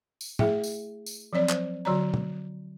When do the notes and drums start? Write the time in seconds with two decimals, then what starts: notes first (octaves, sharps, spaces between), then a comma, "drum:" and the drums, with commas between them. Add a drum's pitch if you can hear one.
0.21 drum: tambourine
0.39 A3 E4 G#4 E5 G5, drum: tom
0.64 drum: tambourine
1.06 drum: tambourine
1.33 F3 F#3 C4 C#5 D5
1.49 C5, drum: clap
1.85 D3 F#3 F#4 C#5 D5 A#5
2.14 drum: tom